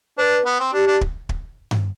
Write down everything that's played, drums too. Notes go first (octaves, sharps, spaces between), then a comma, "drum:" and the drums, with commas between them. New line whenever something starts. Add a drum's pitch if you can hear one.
D4 B4 C5
B3
C4
D4 G4
D4
drum: kick
drum: kick
drum: tom G2